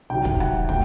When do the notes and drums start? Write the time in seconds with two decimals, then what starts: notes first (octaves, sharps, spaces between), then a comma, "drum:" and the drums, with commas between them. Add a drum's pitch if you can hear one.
0.10 C2 C3 D#3 F#3 G5
0.25 drum: kick
0.40 F#5, drum: rim click
0.69 A3 G5, drum: kick